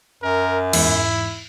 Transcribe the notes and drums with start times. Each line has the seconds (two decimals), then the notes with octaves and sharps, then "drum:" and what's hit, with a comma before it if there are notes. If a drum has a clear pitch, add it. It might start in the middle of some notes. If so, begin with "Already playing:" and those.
0.23 F#2 A#4
0.73 E2 G#2 E4, drum: cymbal